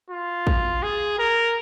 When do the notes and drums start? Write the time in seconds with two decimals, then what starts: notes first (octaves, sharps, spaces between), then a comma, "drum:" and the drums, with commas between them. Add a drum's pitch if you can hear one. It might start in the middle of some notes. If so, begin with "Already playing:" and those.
0.10 F4
0.47 drum: kick
0.83 G#4
1.19 A#4